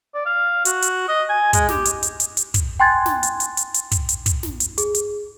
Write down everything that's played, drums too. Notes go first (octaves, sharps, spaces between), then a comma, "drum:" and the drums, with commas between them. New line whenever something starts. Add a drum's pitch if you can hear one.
D5
F5
F#4, drum: hi-hat
drum: hi-hat
D#5
G#5
G#3, drum: kick, hi-hat
G4, drum: snare
drum: hi-hat
drum: hi-hat
drum: hi-hat
drum: hi-hat
drum: kick, hi-hat
G5 G#5 C6 F#6 G#6 A6
drum: snare
drum: hi-hat
drum: hi-hat
drum: hi-hat
drum: hi-hat
drum: kick, hi-hat
drum: hi-hat
drum: kick, hi-hat
drum: snare
drum: hi-hat
G#4, drum: hi-hat
drum: hi-hat